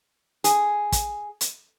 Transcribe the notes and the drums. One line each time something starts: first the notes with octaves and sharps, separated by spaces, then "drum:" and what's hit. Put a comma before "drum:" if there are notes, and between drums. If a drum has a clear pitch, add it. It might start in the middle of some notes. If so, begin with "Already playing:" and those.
G#4, drum: hi-hat
drum: kick, hi-hat
drum: hi-hat